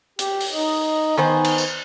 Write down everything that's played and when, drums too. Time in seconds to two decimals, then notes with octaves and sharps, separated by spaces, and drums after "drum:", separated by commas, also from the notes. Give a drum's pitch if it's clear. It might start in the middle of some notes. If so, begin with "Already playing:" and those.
0.19 G4, drum: hi-hat
0.41 drum: open hi-hat
0.51 D#4 D#5
1.17 D#3 B3 C5 G#5
1.44 drum: cymbal
1.58 drum: tambourine